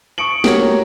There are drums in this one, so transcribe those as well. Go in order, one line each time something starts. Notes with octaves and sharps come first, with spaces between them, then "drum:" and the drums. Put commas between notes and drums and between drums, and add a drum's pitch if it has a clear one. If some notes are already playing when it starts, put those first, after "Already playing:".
C#6 D#6 C#7 D7 F#7
F#4 G4 A#4 C#5, drum: snare